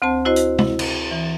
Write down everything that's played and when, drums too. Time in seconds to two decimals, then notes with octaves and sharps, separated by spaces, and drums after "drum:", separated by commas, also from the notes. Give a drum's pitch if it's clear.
0.02 D2 C4 C5 A5
0.25 E4 F#4 C5 D#5
0.36 drum: hi-hat
0.59 E4, drum: tom C3
0.79 drum: cymbal
1.11 E3